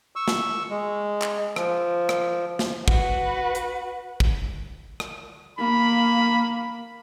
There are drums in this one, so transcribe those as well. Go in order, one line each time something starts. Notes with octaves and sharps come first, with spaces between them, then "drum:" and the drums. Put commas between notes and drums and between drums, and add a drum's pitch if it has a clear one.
C#6 E6
drum: snare
G#3
drum: clap
F3, drum: rim click
drum: rim click
drum: snare
F#4 B4, drum: kick
drum: hi-hat
drum: kick
drum: rim click
A#3 B5